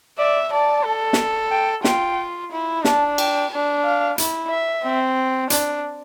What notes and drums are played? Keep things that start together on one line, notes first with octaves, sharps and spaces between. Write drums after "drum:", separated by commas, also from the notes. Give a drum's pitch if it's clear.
D5 E5
D5 A5
A4
drum: snare
G5
F4 G5, drum: snare
E4
D4 A5, drum: snare
G5, drum: cymbal
D4
F5
E4, drum: hi-hat
E5
C4
D4, drum: hi-hat